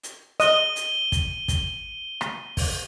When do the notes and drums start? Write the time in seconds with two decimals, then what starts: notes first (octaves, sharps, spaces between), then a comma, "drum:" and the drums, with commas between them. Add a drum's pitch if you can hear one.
0.03 drum: hi-hat
0.40 D#5 D#7 G7, drum: hi-hat
0.76 drum: hi-hat
1.12 drum: kick, hi-hat
1.48 drum: kick, hi-hat
2.21 drum: rim click
2.57 drum: kick, open hi-hat